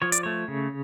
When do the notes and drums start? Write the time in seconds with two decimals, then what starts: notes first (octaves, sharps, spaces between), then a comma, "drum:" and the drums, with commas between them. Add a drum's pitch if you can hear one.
0.02 F3 C#5
0.12 D5, drum: hi-hat
0.23 A3 C#5
0.48 C#3